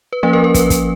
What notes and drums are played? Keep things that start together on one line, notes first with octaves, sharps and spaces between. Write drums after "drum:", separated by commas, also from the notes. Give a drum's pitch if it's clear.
B4
F3 A#3 C#4 B4
A#4
A#4
B4, drum: kick, hi-hat
drum: kick, hi-hat